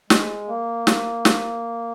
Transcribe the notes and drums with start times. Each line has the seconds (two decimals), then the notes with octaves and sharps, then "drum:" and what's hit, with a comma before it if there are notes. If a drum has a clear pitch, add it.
0.10 G#3, drum: snare
0.48 A#3
0.87 drum: snare
1.25 drum: snare